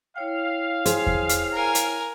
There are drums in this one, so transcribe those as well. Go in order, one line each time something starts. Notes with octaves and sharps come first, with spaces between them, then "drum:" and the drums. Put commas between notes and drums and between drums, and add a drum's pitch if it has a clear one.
E4 C#5 F5 G5
G#4 C5, drum: hi-hat
drum: kick E2
drum: hi-hat
A#4 G#5
drum: hi-hat